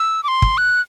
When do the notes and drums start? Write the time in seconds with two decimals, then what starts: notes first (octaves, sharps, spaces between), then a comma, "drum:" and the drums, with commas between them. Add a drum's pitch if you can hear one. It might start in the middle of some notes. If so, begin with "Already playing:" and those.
Already playing: E6
0.23 D6
0.28 C6
0.42 drum: kick
0.58 F#6